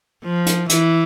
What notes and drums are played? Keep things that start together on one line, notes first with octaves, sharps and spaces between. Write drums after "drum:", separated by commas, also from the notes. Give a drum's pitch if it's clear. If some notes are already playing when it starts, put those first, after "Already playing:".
F3
drum: hi-hat
E3, drum: hi-hat